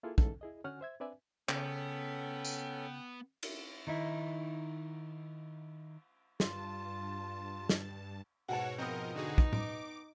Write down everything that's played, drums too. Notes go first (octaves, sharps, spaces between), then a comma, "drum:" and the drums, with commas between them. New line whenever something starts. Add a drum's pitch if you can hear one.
A#3 E4 F4 G#4 A4
D2 G#2 D3 E3 C#4 A4, drum: kick
E4 G#4 D#5
D3 C#4 F#4 F#5 G#5 F6
C5 E5 G#6
C4 D4 B4 D5 E5 G#5
C#3 B3 C#4 A4 G5, drum: clap
drum: tambourine
drum: cymbal
D#3 D#4 E4
G2 F4 A5, drum: snare
drum: snare
G#2 B2 F#4 C#5 F#5 G#5 A5
F3 B3 C4 A#4 D#5
D3 D#4 F#4 G#4
drum: kick
D6, drum: tom A2